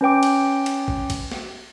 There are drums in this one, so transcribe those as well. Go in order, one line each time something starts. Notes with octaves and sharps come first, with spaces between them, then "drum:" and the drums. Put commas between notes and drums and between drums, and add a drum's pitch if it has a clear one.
C#4 B4 G5 D6
drum: cymbal
drum: cymbal
drum: kick
drum: kick, cymbal
drum: snare